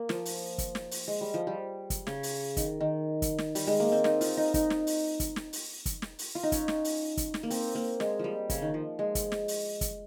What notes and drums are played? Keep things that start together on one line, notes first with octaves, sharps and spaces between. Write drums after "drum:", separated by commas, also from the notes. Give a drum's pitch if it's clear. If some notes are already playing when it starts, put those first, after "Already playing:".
Already playing: A#3
F3, drum: snare
drum: open hi-hat
drum: kick, hi-hat
drum: snare
drum: open hi-hat
G#3
G3
F3
G3
drum: kick, hi-hat
C#3, drum: snare
drum: open hi-hat
D#3, drum: kick, hi-hat
D#3
drum: kick, hi-hat
drum: snare
G3, drum: open hi-hat
G#3
A#3
C4
D#4, drum: snare
F4, drum: open hi-hat
D#4
D#4, drum: kick, hi-hat
drum: snare
drum: open hi-hat
drum: kick, hi-hat
drum: snare
drum: open hi-hat
drum: kick, hi-hat
drum: snare
drum: open hi-hat
F4
D#4
C#4, drum: kick, hi-hat
drum: snare
drum: open hi-hat
drum: kick, hi-hat
drum: snare
A#3
C4, drum: open hi-hat
A#3
G#3, drum: snare
F3 G3
C#3, drum: kick, hi-hat
D#3
F3
G#3
drum: kick, hi-hat
drum: snare
drum: open hi-hat
drum: kick, hi-hat